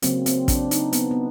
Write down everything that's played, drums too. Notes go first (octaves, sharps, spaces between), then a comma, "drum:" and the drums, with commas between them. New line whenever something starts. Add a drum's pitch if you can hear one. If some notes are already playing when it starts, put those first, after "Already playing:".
C#3 F#3 A#3 C4, drum: hi-hat
C4, drum: hi-hat
D4, drum: kick, hi-hat
D#4, drum: hi-hat
B3, drum: hi-hat
B3